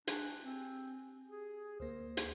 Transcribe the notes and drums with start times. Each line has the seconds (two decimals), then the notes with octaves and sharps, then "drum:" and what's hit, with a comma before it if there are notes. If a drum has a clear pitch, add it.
0.07 D4 G4 G#5, drum: hi-hat
0.43 C4
1.28 G#4
1.80 D2 A#3 C5
2.17 drum: hi-hat